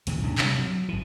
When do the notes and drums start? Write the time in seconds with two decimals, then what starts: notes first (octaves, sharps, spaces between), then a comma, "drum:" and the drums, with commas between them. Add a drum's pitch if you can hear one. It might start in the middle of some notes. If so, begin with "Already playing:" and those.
0.07 C#2 A#2 E3 F3, drum: hi-hat
0.21 D1 G#2 C#3 D4
0.38 C3 G3, drum: clap
0.59 F#3
0.89 G#1 E3